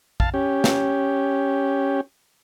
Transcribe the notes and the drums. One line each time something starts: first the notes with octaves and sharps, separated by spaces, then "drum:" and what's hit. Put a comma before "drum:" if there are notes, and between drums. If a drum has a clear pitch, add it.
F5 A5, drum: kick
C#4 G4
drum: snare